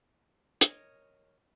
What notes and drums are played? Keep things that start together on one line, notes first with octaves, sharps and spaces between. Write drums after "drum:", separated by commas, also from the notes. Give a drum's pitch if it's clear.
A#4 C#5 D#5, drum: hi-hat